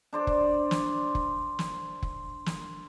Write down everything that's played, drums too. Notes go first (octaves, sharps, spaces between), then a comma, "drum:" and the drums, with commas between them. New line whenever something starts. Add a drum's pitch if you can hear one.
D4 C5 D5
drum: kick F1
drum: snare
drum: kick F1
drum: snare
drum: kick F1
drum: snare